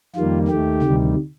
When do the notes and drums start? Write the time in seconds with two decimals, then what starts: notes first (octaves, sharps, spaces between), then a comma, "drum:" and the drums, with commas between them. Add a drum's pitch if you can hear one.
0.15 F2 D#3 G3 A#3 F4
0.48 D#2 D#3 A3 G4
0.82 D2 C3 D#3 G3, drum: tom C3